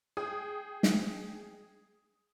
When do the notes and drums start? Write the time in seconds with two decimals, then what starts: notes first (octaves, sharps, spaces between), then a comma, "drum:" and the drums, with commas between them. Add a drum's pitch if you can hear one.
0.17 G#4 G5 D#6
0.83 drum: snare